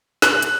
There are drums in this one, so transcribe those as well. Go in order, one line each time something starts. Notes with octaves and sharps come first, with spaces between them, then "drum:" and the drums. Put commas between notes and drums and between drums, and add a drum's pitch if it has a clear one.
F#6, drum: snare
drum: hi-hat